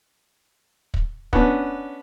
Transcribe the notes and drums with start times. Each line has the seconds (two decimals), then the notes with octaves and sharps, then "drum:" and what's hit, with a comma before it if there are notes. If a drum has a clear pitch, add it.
0.94 drum: kick
1.33 B3 C#4 D4, drum: kick